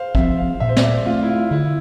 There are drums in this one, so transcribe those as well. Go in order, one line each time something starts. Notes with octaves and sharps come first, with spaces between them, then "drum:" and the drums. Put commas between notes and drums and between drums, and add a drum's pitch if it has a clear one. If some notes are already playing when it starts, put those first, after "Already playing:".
Already playing: C5 F5
F3 C4 E5, drum: kick A1
F5
A#2 E5
C5
D5, drum: snare
E5
A3 C4 F4
E4
F4
D3 E4